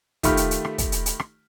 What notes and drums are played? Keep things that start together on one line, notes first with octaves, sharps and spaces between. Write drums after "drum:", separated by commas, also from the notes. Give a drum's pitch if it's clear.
D#3 A3 F4 G4 B5 F6, drum: kick, hi-hat
drum: hi-hat
drum: hi-hat
drum: rim click
drum: kick, hi-hat
drum: hi-hat
drum: hi-hat
drum: rim click